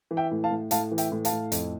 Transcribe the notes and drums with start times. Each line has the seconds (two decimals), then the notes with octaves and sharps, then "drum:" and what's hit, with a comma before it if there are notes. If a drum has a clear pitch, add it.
0.11 E3
0.17 E5 G5
0.31 A2
0.44 F5 A5
0.51 A2
0.71 A2 F5 A5, drum: hi-hat
0.92 E3
0.98 E5 G5, drum: hi-hat
1.12 A2
1.25 F5 A5, drum: hi-hat
1.32 A2
1.52 F2, drum: hi-hat